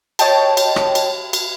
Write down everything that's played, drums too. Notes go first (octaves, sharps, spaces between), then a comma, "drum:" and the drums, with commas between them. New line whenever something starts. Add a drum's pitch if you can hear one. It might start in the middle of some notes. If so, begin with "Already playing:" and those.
C#5 D#5 G5 A5, drum: cymbal
drum: cymbal
drum: rim click
drum: cymbal
drum: cymbal